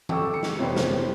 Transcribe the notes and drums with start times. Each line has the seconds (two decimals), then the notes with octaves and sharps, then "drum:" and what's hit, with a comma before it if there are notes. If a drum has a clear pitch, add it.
0.09 A4 G5 C#6 D6 E6, drum: tom E3
0.34 C#7
0.43 drum: snare
0.59 F1 E3 B3 C#4 C5 G5
0.76 drum: snare